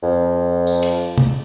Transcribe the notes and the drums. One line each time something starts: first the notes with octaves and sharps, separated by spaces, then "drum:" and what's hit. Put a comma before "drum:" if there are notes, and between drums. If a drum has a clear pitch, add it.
F2
drum: tambourine
drum: cymbal
drum: tom